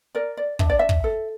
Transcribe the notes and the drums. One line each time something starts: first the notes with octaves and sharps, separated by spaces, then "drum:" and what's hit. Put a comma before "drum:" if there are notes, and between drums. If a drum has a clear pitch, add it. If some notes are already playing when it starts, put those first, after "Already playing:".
A#4 D5
D5
D4 E5, drum: kick
D5
E5
drum: kick
A4